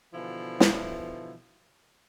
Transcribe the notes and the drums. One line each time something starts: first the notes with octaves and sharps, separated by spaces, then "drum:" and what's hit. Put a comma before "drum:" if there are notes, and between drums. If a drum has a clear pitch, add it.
B2 D3 E3 F3 E4
drum: snare